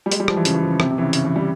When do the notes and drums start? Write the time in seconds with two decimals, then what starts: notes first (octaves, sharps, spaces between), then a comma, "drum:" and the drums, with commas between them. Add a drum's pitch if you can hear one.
0.06 G3
0.12 G#3, drum: hi-hat
0.20 G3
0.28 F3, drum: rim click
0.36 E3
0.45 C#3, drum: hi-hat
0.54 E3
0.62 F3
0.71 C#3
0.80 C3, drum: rim click
0.91 C3
0.98 E3
1.01 C#3
1.13 C#3, drum: hi-hat
1.25 E3
1.36 G3